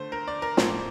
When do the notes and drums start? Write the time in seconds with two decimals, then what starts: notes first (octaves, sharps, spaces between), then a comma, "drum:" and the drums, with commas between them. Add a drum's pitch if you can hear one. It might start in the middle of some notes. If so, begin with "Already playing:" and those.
Already playing: D3 A3 C5
0.12 A#4
0.28 D5
0.42 A#4
0.57 A2 F3 A#3 C5, drum: snare